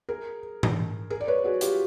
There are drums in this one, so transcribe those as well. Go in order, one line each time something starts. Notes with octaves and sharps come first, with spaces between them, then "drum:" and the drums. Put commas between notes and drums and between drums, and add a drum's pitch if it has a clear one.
G#4 A#4
drum: tom G#2
G#4 A#4
D5
B4 C#5
F#4 G#4
F4 G4, drum: hi-hat